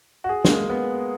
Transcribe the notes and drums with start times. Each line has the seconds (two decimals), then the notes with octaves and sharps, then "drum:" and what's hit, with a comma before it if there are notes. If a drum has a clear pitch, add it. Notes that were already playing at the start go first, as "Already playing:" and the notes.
0.24 F#4
0.29 G#4
0.45 G#3, drum: snare
0.49 A#3
0.70 B3